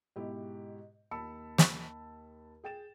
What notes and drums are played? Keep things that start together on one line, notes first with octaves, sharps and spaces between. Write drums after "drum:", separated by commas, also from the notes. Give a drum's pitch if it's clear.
G#2 B2 E4 G4
D#2 A5 B5 E6 C#7
drum: snare
G#4 G5 A6 E7